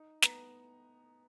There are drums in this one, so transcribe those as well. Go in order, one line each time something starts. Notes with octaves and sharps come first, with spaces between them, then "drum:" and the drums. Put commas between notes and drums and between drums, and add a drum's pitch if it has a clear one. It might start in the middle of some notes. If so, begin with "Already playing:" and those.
Already playing: D#4
B3 A#5, drum: snare